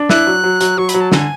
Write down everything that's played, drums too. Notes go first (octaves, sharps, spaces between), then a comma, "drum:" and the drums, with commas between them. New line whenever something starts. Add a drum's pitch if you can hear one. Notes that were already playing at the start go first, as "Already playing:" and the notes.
Already playing: D4
E4 F#6, drum: snare
F#3
F#3
F#3, drum: hi-hat
F#3 C#6
B5, drum: hi-hat
F#3
A5
D3 G#5, drum: snare